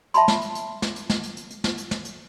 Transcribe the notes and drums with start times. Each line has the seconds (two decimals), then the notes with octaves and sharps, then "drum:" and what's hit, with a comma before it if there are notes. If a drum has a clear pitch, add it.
0.14 E5 A5 B5 C6, drum: hi-hat
0.28 drum: snare
0.42 drum: hi-hat
0.55 drum: hi-hat
0.82 drum: snare
0.96 drum: hi-hat
1.10 drum: snare
1.23 drum: hi-hat
1.37 drum: hi-hat
1.50 drum: hi-hat
1.64 drum: snare
1.78 drum: hi-hat
1.91 drum: snare
2.05 drum: hi-hat